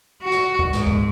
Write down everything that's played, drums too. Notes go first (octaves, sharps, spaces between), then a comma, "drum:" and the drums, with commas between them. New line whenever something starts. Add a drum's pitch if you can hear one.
F#4
drum: snare
drum: kick C#2
G#2, drum: snare
drum: kick C#2